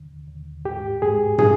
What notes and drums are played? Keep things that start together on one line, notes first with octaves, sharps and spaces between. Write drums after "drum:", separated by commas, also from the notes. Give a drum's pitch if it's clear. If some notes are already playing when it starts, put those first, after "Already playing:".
Already playing: D#2 D3
D#2
G#2 G4
G#2 G#4
A#2 G#4, drum: tom